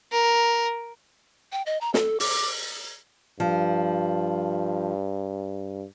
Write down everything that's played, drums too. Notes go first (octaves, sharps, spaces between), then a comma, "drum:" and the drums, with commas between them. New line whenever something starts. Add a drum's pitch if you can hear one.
A#4
G5
D#5
A#5
A4, drum: snare
D6, drum: open hi-hat
G2 F3